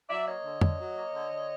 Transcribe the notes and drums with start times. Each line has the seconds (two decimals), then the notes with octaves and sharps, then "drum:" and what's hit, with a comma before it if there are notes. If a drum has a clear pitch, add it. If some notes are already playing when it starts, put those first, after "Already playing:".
0.09 F#3 D5 E5
0.26 A#3 C#5 D#5
0.44 D3
0.61 D3, drum: tom F2
0.79 F#3
0.97 A#3
1.13 D3
1.32 D3